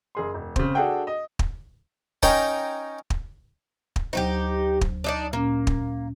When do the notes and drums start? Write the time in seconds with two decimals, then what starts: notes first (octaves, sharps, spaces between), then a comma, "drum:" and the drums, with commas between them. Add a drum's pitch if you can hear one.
0.15 F#1 G#4 C6
0.34 E1
0.56 C#3 C4, drum: kick
0.75 D4 F#4 G#4 A4 F#5 G5
1.07 D#5
1.39 drum: kick
2.23 C#4 D#4 A#4 G5, drum: kick
3.10 drum: kick
3.96 drum: kick
4.13 D2 F#3 D#4 F#4 G4 C5
4.81 drum: kick
5.04 D4 D#4 D5
5.33 A#2 A#3 C#4
5.67 drum: kick